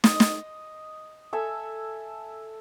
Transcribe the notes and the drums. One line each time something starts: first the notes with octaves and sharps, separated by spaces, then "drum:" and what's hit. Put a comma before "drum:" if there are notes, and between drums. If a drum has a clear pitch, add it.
D#5 D#6, drum: snare
drum: snare
A4 E5 G#5